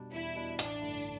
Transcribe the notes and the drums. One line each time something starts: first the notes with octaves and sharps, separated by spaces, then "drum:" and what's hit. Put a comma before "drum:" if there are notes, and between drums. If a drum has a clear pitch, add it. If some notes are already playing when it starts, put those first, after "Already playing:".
Already playing: B2 G3 D4
E2 E4
B2 G3 D4
A1 D4, drum: hi-hat
G2 D3 A3 E4